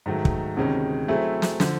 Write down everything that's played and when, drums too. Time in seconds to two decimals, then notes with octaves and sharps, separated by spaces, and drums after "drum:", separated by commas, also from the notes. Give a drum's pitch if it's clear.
0.06 G#2 D#3 F#3 A3
0.25 drum: kick
0.57 D2 C3 D#3 G#3 C#4
1.08 F#3 A3 C4 E4 G#4
1.42 drum: snare
1.60 D3 F3, drum: snare